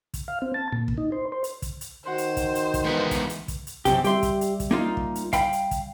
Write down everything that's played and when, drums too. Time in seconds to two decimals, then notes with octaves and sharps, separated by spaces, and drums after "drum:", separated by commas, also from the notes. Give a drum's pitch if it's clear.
0.14 drum: kick, hi-hat
0.28 F5
0.42 C4
0.54 A5
0.73 A#2
0.88 drum: kick
0.98 D#4
1.12 C5
1.32 C5
1.44 drum: hi-hat
1.62 drum: kick, hi-hat
1.81 drum: hi-hat
2.06 D#3 F#4 C5 F#5 C6
2.18 drum: hi-hat
2.37 drum: kick, hi-hat
2.55 drum: hi-hat
2.74 drum: kick, hi-hat
2.84 G#2 E3 G#3 B3
3.11 drum: kick, hi-hat
3.30 drum: hi-hat
3.48 drum: kick, hi-hat
3.67 drum: hi-hat
3.85 F#2 C3 G4, drum: kick, hi-hat
4.04 G3 G4 E5 C6, drum: hi-hat
4.23 drum: kick, hi-hat
4.41 drum: hi-hat
4.60 drum: kick, hi-hat
4.71 A#3 D#4 F4
4.97 drum: kick
5.15 drum: hi-hat
5.33 F5 G5 B5, drum: kick, hi-hat
5.53 drum: hi-hat
5.71 drum: kick, hi-hat